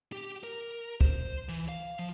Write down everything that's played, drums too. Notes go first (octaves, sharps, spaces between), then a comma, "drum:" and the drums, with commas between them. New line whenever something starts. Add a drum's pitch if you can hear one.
G4
A#4
C5, drum: kick C#2
E3
F5
F3